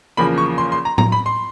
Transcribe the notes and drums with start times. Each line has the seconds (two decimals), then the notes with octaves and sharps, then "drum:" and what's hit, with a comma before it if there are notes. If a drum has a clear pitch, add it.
0.17 E2 C#3 F3 A#3 B5
0.38 C#6
0.58 C6
0.72 C6
0.85 A#5
0.98 A#5, drum: tom
1.12 B5
1.26 C6